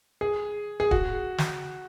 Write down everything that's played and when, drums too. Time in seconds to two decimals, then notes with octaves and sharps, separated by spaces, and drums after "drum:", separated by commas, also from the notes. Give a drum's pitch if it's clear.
0.21 G#4
0.80 G#4
0.91 F#4, drum: kick
1.38 drum: snare